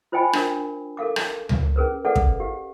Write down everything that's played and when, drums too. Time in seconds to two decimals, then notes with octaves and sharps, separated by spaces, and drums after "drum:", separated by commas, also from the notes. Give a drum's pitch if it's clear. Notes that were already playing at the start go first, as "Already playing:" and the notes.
0.12 F4 C5 D#5 G5 G#5 B5
0.33 D4 A#4, drum: rim click
0.97 A4 A#4 F5 D6
1.16 drum: rim click
1.49 drum: tom C#2
1.76 C#4 G#4 A#4 B4
2.05 G#4 A4 B4 D5 F5 F#5
2.16 drum: kick
2.40 G4 F5